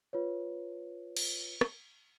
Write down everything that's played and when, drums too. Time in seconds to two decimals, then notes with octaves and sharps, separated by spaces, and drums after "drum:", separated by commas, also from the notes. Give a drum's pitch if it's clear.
0.13 F4 B4 C#5
1.17 drum: cymbal
1.61 drum: rim click